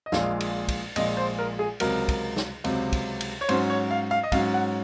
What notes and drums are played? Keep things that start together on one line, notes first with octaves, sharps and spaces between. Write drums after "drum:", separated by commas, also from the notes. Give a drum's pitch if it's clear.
D#5
A#1 A#2 G#3 F5, drum: snare
drum: cymbal
drum: kick, cymbal
A#1 A#2 G#3 D#5, drum: cymbal
C5
A#4
G#4
C#2 C3 F#3 A#4, drum: cymbal
drum: kick, cymbal
drum: snare
C#2 C3 F#3, drum: cymbal
drum: kick, cymbal
drum: cymbal
C#5
G#2 F#3 C#4 C5, drum: cymbal
C#5
F5
F5
D#5
G#2 F#3 C#4 F5, drum: kick, cymbal
F#5